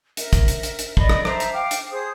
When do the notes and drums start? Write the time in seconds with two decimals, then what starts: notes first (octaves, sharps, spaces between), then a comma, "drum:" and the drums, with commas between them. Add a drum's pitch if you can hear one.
0.17 A#4 E5, drum: hi-hat
0.33 drum: kick, hi-hat
0.48 drum: hi-hat
0.63 drum: hi-hat
0.79 drum: hi-hat
0.97 D5 D#5 B5, drum: kick
1.09 drum: rim click
1.25 C5 E5 A5 A#5, drum: rim click
1.40 drum: hi-hat
1.52 F5 G5 D6
1.71 drum: hi-hat
1.91 G#4 C5 D#6